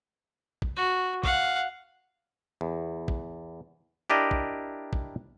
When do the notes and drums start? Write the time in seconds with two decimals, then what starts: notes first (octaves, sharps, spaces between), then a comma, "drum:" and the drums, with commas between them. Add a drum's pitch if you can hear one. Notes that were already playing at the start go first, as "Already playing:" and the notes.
0.62 drum: kick
0.76 F#4
1.24 F5 F#5, drum: kick
2.61 E2
3.08 drum: kick
4.10 D4 E4 G4 A#4 D5 D#5
4.31 drum: kick
4.93 drum: kick